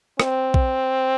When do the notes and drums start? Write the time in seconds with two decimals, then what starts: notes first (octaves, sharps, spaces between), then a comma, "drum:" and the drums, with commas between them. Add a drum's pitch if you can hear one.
0.20 C4, drum: rim click
0.54 drum: kick A#1